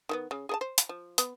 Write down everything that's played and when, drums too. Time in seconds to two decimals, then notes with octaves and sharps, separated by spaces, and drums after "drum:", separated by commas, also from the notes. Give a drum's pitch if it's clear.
0.09 D#3 A#3 B3
0.31 C#3
0.49 G#4 A#4 A5
0.61 C5
0.78 drum: hi-hat
0.89 F3
1.18 B3, drum: hi-hat